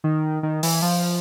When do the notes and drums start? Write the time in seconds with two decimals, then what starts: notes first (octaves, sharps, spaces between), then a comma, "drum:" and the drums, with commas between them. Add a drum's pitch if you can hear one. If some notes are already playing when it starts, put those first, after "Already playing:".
0.04 D#3
0.43 D#3
0.63 E3, drum: open hi-hat
0.82 F3